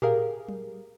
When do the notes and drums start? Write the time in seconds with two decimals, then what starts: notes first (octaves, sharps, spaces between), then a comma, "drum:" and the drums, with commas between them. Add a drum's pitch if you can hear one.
0.02 G4 G#4 A#4 F5, drum: tom A2
0.48 drum: tom F#3